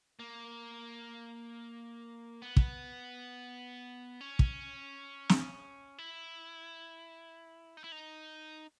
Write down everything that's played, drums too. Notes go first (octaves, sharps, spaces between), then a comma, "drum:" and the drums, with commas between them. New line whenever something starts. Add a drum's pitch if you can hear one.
A#3
B3
drum: kick
C#4
drum: kick
drum: snare
E4
D#4
E4
D#4